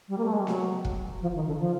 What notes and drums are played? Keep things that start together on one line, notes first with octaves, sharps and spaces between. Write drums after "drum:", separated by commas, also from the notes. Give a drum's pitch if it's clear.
G3
A#3
A3
G#3
G3
F#3, drum: snare B3
drum: kick
F3
D#3
D3
F3